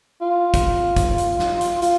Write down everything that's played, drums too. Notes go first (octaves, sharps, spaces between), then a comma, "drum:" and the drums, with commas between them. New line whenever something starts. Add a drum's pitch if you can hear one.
F4
drum: kick, hi-hat
drum: kick, hi-hat
drum: hi-hat
drum: snare
drum: hi-hat
F4, drum: hi-hat